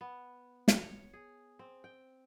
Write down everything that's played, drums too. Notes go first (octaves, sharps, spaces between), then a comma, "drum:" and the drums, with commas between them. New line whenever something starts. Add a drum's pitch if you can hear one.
B3
C#5, drum: snare
G#4
C4
G5